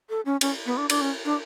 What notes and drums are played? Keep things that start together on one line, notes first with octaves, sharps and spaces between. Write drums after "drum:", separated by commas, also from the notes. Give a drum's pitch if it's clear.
A4
C#4
C#4, drum: cymbal
B3
D4
D4, drum: cymbal
C#4
D4